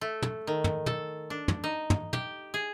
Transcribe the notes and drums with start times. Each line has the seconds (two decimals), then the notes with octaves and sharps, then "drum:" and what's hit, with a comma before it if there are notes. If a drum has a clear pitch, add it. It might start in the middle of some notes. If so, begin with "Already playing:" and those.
0.01 A3
0.22 drum: tom
0.47 D#3
0.64 drum: tom
0.86 A4, drum: tom
1.30 D4
1.48 drum: tom
1.64 D#4
1.90 drum: tom
2.13 G4, drum: tom
2.54 G#4